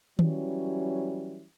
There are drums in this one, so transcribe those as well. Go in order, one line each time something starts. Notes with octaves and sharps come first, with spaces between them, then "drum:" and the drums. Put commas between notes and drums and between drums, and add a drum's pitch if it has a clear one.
E3 F#3 G3 C#4, drum: tom D#3